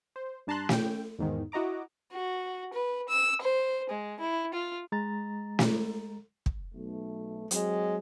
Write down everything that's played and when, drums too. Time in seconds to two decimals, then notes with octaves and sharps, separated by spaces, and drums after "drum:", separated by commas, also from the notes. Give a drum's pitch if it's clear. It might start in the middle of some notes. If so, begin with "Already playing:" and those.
0.16 C5
0.47 G2 D4 A5 A#5 C6 F#6
0.69 C#4 G5, drum: snare
1.19 E2 G#2 D#3
1.52 E4 F#4 D#5 A#5 D6
2.12 F#4
2.73 B4
3.09 E6
3.41 C5
3.90 G#3
4.20 E4
4.53 F4
4.92 G#3 A#5 A6
5.59 drum: snare
6.46 drum: kick
6.75 B1 A3
7.51 F#3 G#3 C4, drum: hi-hat